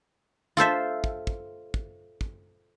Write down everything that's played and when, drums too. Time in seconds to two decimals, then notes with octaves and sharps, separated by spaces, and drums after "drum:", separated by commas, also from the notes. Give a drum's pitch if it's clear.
0.57 F4 A4 C5 E5
1.04 drum: kick
1.27 drum: kick
1.74 drum: kick
2.21 drum: kick